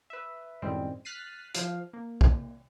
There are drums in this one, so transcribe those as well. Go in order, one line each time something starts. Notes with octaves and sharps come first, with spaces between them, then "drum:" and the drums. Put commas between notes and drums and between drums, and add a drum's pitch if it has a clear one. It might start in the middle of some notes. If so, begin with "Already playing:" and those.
B4 E5
F#2 A2 D#3 G3 G#3 C4
F6 F#6 A6 B6 C7 D#7
F3 F5, drum: hi-hat
A#3
drum: kick